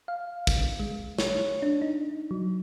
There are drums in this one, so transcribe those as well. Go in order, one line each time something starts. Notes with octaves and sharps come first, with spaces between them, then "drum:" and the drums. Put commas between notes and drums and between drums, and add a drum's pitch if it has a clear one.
F5
drum: kick, tambourine
G#3
C#5, drum: snare
D4
D#4
F#3